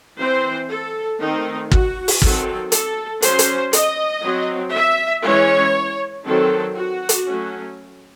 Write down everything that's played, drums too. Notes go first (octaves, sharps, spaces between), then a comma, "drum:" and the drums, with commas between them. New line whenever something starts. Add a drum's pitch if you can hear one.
E3 C4 C5
A4
D#3 A3 C4 D#4
F#4, drum: kick
drum: open hi-hat
D#3 F#3 C4 A4, drum: kick
A4, drum: hi-hat
F#3 C#4 C5, drum: hi-hat
drum: hi-hat
D#5, drum: hi-hat
F#3 C4
E5
E3 G#3 C#4 C#5
D#3 F#3 C4 A4
F#4
drum: hi-hat
F#3 A3 C#4